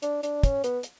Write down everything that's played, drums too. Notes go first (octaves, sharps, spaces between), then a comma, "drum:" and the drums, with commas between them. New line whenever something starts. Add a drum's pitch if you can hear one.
D4, drum: hi-hat
D4, drum: hi-hat
C#4, drum: kick, hi-hat
B3, drum: hi-hat
drum: hi-hat